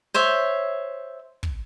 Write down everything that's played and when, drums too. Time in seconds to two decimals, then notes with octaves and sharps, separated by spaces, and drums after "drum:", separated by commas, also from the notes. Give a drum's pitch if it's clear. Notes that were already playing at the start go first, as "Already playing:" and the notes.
0.14 C5 C#5 E5
1.43 drum: kick